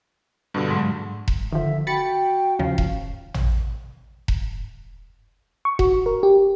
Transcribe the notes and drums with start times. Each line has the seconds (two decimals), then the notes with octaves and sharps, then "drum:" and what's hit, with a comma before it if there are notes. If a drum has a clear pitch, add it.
0.54 G2 B2 D3
0.70 G#2 F#3 G#3
1.28 drum: kick E1
1.53 D3 D#3 F3 E5
1.87 F#4 G5 B5 A6 C#7
2.59 D#2 C#3 F3 F5
2.78 drum: kick E1
3.34 drum: tom
4.28 drum: kick E1
5.65 C#6
5.79 F#4, drum: kick E1
6.06 A#4
6.23 G4